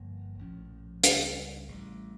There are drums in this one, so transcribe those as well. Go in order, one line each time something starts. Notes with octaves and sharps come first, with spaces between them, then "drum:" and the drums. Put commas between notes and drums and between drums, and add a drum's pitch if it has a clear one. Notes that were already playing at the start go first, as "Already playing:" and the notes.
Already playing: G1 G2 F3 A#3
A#1 A2 F3 C#4
C#2 C#3 G3, drum: hi-hat
A1 A2 G3